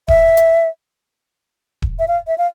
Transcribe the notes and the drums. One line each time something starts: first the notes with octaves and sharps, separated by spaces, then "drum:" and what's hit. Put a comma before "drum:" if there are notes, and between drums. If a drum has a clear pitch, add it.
E5, drum: kick D#1
drum: hi-hat
drum: kick D#1
E5
F5
E5
F5